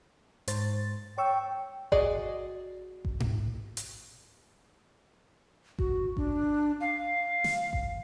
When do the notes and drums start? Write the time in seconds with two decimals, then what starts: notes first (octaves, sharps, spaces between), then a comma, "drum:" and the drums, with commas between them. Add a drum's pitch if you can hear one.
0.48 G#2 C5 A6, drum: hi-hat
1.18 C#5 G5 C#6 E6
1.92 F#4 G#4 D5 D#5, drum: kick G#1
3.05 drum: kick G#1
3.20 drum: tom G#2
3.77 drum: hi-hat
5.79 F#4, drum: kick G#1
6.17 D4, drum: kick G#1
6.81 F5
7.44 drum: snare
7.73 drum: kick G#1